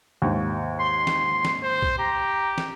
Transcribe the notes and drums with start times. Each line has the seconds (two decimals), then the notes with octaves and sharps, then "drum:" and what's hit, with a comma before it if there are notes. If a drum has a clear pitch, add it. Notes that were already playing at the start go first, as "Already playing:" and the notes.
0.22 D#2 G#2
0.79 C6
1.07 drum: snare
1.45 drum: snare
1.63 C5
1.82 drum: kick B1
1.99 G4 A#5
2.58 drum: snare